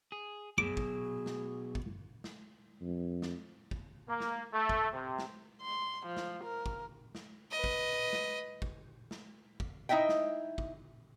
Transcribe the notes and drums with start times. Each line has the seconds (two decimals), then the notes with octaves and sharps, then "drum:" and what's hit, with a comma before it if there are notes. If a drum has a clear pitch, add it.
0.12 G#4
0.58 B2 F#3 G#4 D6
0.77 drum: kick
1.26 drum: snare
1.75 drum: kick
2.24 drum: snare
2.81 F2
3.22 drum: snare
3.71 drum: kick
4.08 A#3
4.20 drum: snare
4.53 A3
4.69 drum: kick
4.92 C3
5.18 drum: snare
5.62 C6
6.07 F3
6.17 drum: snare
6.44 A#4
6.66 drum: kick
7.15 drum: snare
7.51 B4 D#5
7.64 drum: kick
8.13 drum: snare
8.62 drum: kick
9.11 drum: snare
9.60 drum: kick
9.89 D#4 E4 D#5 E5 G5
10.09 drum: snare
10.58 drum: kick